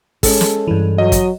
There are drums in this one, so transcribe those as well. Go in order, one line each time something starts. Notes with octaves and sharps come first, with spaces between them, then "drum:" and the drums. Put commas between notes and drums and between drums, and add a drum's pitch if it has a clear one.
G#3 C#4 A4, drum: kick, open hi-hat
drum: snare
G2 E3
F#3 D#5
drum: kick, hi-hat